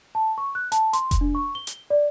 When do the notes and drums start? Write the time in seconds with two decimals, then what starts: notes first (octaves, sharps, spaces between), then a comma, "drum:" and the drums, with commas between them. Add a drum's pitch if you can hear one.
0.15 A5
0.38 C#6
0.55 F#6
0.72 A5, drum: hi-hat
0.93 C6, drum: hi-hat
1.11 drum: kick F1, hi-hat
1.21 D4
1.35 C#6
1.55 G7
1.67 drum: hi-hat
1.90 D5